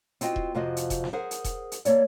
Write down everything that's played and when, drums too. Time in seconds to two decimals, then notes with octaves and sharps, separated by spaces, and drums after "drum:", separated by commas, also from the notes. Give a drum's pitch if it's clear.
0.21 C4 F4 F#4 D#5 G5, drum: hi-hat
0.36 drum: kick E1
0.54 F2 C3 F3 F4 F#4 D#5
0.77 drum: hi-hat
0.90 drum: kick E1, hi-hat
1.04 drum: snare
1.13 G#4 A#4 C5 F#5
1.31 drum: hi-hat
1.44 drum: kick E1, hi-hat
1.72 drum: hi-hat
1.85 A#3 C#5 D5, drum: hi-hat